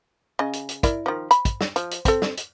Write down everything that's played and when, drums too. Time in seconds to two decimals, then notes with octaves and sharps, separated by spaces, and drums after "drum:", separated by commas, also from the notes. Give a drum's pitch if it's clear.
0.39 C#3 D#5
0.53 drum: hi-hat
0.69 drum: hi-hat
0.83 E4 A#4 D5, drum: kick, hi-hat
1.06 D#3 F3
1.31 B5, drum: hi-hat
1.45 drum: kick, hi-hat
1.61 drum: snare
1.76 F3, drum: hi-hat
1.91 drum: hi-hat
2.05 C4 A4, drum: kick, hi-hat
2.22 drum: snare
2.37 drum: hi-hat